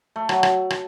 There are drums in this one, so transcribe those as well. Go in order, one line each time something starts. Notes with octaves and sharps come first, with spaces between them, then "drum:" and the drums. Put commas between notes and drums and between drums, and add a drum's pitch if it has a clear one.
A3
F#3, drum: rim click
drum: rim click
drum: rim click